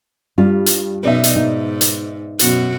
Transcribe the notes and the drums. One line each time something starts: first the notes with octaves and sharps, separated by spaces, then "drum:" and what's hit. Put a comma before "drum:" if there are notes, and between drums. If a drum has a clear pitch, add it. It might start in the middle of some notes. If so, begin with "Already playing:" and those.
G2 G3 F4
drum: hi-hat
F#2 B2 D#4 B4 D5 E5
drum: hi-hat
G#2 D#4
drum: hi-hat
F#2 B2 F#4, drum: hi-hat